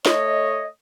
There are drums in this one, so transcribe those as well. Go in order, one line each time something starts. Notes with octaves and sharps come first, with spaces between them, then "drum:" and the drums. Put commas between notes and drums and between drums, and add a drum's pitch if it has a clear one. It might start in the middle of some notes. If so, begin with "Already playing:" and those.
A3 C#5 D#5, drum: snare